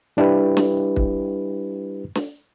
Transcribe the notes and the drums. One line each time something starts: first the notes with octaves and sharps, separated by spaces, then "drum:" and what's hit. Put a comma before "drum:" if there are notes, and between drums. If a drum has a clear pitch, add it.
G3 D4 E4 G4 B4
drum: snare
drum: kick
drum: snare